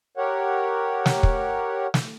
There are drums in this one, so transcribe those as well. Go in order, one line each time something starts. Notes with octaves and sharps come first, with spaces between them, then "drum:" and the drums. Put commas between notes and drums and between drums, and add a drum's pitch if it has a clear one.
G4 A#4 C#5 F#5
drum: snare
drum: kick
drum: snare